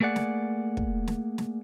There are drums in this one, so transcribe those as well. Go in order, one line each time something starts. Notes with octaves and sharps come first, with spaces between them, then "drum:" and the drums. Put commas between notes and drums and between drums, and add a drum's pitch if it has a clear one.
A3 A#3 G#4 D5 F#5
drum: snare
drum: kick
drum: snare
drum: snare